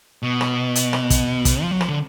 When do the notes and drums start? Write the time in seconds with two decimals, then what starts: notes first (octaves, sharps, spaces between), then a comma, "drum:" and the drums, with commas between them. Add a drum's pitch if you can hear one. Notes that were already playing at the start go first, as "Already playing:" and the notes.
0.23 B2
0.41 drum: rim click
0.75 drum: hi-hat
0.93 drum: rim click
1.10 drum: kick, hi-hat
1.45 drum: kick, hi-hat
1.62 F3
1.71 F#3
1.81 F3, drum: rim click
1.88 D3